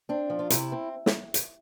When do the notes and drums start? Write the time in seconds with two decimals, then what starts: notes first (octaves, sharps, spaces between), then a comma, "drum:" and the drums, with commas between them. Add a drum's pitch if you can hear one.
0.09 C4 D4
0.30 F3
0.39 F4
0.50 C3 E4, drum: hi-hat
0.72 C4
1.06 drum: snare
1.34 drum: hi-hat